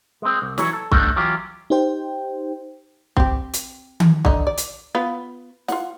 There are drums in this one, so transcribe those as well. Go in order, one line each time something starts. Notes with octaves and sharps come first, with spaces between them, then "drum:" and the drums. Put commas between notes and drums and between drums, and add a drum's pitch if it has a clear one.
G#3 C4
C2
E3 F#3 C#5, drum: snare
A4
G3 A3 B3 D4 D#4, drum: kick C2
E3 F#3 F4 G4
D#4 G4 C5 G5
C4 G4, drum: kick C2
drum: hi-hat
drum: tom D#3
D3 D#4, drum: kick C2
D5
drum: hi-hat
B3 F4 B4
F4 F#5, drum: snare